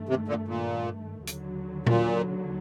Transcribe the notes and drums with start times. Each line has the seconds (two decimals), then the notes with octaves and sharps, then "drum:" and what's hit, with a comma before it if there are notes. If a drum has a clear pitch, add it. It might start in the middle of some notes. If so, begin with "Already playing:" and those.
Already playing: G2 D#3 A3
0.09 C3
0.28 A#2 D3
0.48 A#2
1.27 D#2 D3 F#3, drum: hi-hat
1.87 A#2, drum: tom A#2